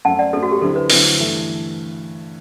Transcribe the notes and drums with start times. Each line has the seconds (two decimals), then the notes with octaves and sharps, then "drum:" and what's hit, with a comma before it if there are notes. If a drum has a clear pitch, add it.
0.05 F#2 F#3 A3 C4 F#5 A5
0.19 D5 F#5
0.33 F#2 F#3 A3 C4 A4
0.43 F#4
0.51 G4
0.61 D2 D3 F#3 C4 E4 A4
0.76 B4
0.90 D2 D3 F#3 C4 E4 B4, drum: open hi-hat
1.18 G2 E3 A3